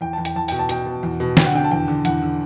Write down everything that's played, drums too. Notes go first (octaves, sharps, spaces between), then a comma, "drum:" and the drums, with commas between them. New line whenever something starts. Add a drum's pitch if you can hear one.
E2 G5
E2 A5
G5, drum: hi-hat
E2 A5
B2 G5, drum: open hi-hat
A5
B2 G5, drum: hi-hat
B2
E2
B2
D3 G5, drum: snare
F#5
D3 G5
A5
E2 G5
D3
E2 F#5, drum: hi-hat
D3